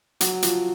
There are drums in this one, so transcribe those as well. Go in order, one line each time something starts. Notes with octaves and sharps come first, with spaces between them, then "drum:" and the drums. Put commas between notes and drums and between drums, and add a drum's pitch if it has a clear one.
F#3 F#4, drum: hi-hat
F3 F4, drum: hi-hat